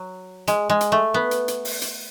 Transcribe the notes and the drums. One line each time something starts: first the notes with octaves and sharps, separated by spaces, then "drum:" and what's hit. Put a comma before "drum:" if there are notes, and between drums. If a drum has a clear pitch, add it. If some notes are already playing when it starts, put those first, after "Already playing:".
Already playing: F#3
G#3, drum: hi-hat
G#3
drum: hi-hat
A3
B3
drum: hi-hat
drum: hi-hat
drum: open hi-hat
drum: hi-hat